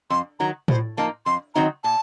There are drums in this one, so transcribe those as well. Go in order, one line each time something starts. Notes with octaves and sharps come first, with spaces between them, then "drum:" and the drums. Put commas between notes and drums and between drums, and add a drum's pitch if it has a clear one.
F2 C6
D#3 F#3 A#5
A2 C5, drum: tom A2
F3 A#3 D#4 A5
F2 C6
D#3 F#3 C4 D#4 A#5
A#2 A5